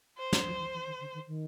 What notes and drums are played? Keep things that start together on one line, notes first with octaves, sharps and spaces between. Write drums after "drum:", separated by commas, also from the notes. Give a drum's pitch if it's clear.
C5
A3, drum: snare
F3
E3
E3
D#3
D3
D#3
D#3